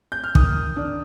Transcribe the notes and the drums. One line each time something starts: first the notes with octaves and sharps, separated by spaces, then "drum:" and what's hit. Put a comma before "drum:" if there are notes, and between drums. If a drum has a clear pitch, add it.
G6
F6
D#3 D#6, drum: kick
D4